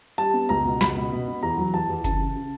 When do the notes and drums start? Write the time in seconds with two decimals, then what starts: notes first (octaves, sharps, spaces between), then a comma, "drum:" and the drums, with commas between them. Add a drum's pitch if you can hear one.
0.18 G3 A5
0.34 B3
0.49 C#2 A#5
0.65 B2
0.81 C#2 B5, drum: snare
0.96 B2
1.12 B2
1.28 B3
1.43 E2 A#5
1.58 F#3
1.74 E2 A5
1.90 E2
2.04 C#3 A5, drum: kick F#1, hi-hat
2.21 C#3
2.35 C#3